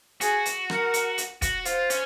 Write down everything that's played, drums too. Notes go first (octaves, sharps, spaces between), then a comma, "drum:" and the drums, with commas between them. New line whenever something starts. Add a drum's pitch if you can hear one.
F#4 G#4, drum: hi-hat
drum: hi-hat
A#4, drum: rim click
drum: hi-hat
drum: hi-hat
F#4, drum: kick, hi-hat
F4 C5, drum: hi-hat
C#4, drum: hi-hat